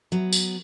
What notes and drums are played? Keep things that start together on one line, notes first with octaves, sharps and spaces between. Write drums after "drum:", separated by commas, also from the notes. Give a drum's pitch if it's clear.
F#3 B3
drum: tambourine